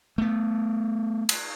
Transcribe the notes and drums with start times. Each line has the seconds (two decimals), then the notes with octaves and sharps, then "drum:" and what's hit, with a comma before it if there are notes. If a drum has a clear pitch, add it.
0.18 A3 B3
1.29 drum: cymbal